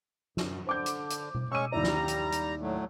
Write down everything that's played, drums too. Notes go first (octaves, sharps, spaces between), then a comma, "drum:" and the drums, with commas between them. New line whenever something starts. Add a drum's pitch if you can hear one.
F#2, drum: snare
D3 C5 D6 G6
drum: hi-hat
drum: hi-hat
drum: tom B2
G#3 C#4 C#6 E6 D#7
D#2 G3 E4 D5 A#5
drum: snare
drum: hi-hat
drum: hi-hat
A2 F#3 A3